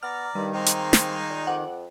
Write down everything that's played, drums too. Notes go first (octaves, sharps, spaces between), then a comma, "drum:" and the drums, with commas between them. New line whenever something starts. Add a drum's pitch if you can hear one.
B3 D5 A#5 F6
G2 D#3 G3
G#3 A#3 C4 D#4
drum: hi-hat
drum: snare
A#2
F2 F#5 D6